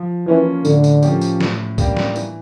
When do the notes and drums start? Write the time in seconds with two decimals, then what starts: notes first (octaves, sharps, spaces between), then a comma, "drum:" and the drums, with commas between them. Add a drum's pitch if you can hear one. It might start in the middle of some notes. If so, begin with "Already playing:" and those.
Already playing: F3
0.27 E3 A#3 C#4 F4
0.65 A2 D3, drum: tambourine
0.84 drum: tambourine
1.03 F3 A#3 C#4 G4, drum: tambourine
1.21 drum: tambourine
1.40 A2, drum: snare
1.78 G3 A#3 D4 G4, drum: kick, tambourine
1.97 drum: snare
2.16 E3, drum: tambourine